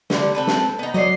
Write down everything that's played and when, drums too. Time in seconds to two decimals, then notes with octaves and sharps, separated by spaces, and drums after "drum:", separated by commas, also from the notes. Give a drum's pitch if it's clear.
0.10 D3 G3, drum: snare
0.35 C4 A4 B4
0.47 drum: snare
0.79 B3 D#4
0.94 D3 F#3 C#5 D#5 C7